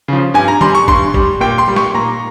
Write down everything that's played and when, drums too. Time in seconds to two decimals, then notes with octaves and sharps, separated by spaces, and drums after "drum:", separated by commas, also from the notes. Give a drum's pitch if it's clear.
0.08 C#3 F3
0.34 G2 G#5
0.48 A#5
0.61 G3 C6, drum: tom D#3
0.75 C#6
0.88 G2 C6, drum: kick
1.14 G3, drum: kick
1.41 A#2 G5
1.58 C6
1.68 G3
1.76 C#6, drum: snare
1.94 A#2 A#5